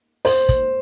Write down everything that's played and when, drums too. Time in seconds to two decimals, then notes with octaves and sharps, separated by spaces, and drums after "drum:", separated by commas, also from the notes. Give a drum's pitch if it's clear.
0.25 C5, drum: open hi-hat
0.49 drum: kick, hi-hat